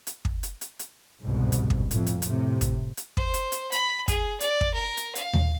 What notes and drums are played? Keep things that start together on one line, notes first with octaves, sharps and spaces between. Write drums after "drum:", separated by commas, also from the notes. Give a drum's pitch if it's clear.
drum: hi-hat
drum: kick
drum: hi-hat
drum: hi-hat
drum: hi-hat
G1 C2 F2 G#2 B2
drum: hi-hat
drum: kick
F2 A2, drum: hi-hat
drum: hi-hat
A2 C3, drum: hi-hat
drum: kick, hi-hat
drum: hi-hat
C5, drum: kick
drum: hi-hat
drum: hi-hat
B5, drum: hi-hat
G#4, drum: kick, hi-hat
D5, drum: hi-hat
drum: kick
A#4
drum: hi-hat
F5, drum: hi-hat
drum: tom D#2